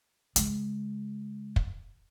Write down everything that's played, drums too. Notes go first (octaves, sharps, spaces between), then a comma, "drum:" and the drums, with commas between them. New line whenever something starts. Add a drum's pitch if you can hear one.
C#3 G#3, drum: hi-hat
drum: kick